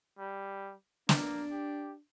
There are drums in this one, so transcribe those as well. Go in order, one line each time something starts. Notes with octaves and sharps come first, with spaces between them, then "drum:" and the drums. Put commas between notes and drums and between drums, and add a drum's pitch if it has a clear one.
G3
A#3 D4, drum: snare
G4